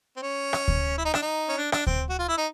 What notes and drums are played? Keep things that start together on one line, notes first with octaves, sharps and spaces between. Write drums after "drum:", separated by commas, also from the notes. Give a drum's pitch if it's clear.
C4
C#4
drum: rim click
drum: kick D2
E4
D#4
D4, drum: rim click
D#4
C#4
D4
D4, drum: rim click
C4, drum: kick D2
F#4
F4
E4
D#4